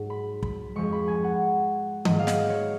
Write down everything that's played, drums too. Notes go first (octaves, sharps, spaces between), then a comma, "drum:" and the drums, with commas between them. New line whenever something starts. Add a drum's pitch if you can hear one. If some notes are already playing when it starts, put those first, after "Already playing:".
Already playing: G#2 F#3
B5
B5, drum: kick
F2 F3 G#3 C#6
B5
G#5
F#5
G#2 F#3 A#3 D#5, drum: tom D#3
F5
D#5, drum: snare
C#5